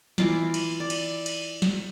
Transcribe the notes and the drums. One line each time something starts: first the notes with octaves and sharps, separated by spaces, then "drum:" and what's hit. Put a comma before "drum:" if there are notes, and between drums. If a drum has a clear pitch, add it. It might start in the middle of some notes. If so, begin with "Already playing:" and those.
E3 E4 F4 D6, drum: snare
drum: cymbal
D5
drum: cymbal
drum: cymbal
drum: snare